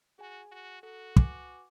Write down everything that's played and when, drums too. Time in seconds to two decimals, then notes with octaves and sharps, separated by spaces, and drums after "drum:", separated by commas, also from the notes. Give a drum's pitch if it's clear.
0.19 F#4 G#4 G#5
0.52 F#4
0.83 F#4 A4
1.16 B4 G#5 D6, drum: kick